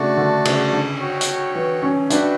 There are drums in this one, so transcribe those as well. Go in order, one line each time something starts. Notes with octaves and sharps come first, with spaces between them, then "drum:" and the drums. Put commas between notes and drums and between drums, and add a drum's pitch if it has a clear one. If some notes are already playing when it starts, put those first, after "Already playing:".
Already playing: C#3 A3 D4 F#4
D3
C#3, drum: cymbal
D3
F#4 C#5 G5
drum: hi-hat
E3
C#4
D4 F#4 B4 E5 G5, drum: hi-hat